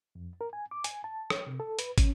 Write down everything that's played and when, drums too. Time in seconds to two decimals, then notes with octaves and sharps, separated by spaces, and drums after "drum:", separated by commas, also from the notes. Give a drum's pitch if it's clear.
0.15 F2
0.41 A#4
0.53 G#5
0.71 D6
0.84 G#5, drum: hi-hat
1.04 A5
1.30 C#5, drum: rim click
1.47 C3
1.60 A4
1.79 B4, drum: hi-hat
1.98 C#4, drum: kick, hi-hat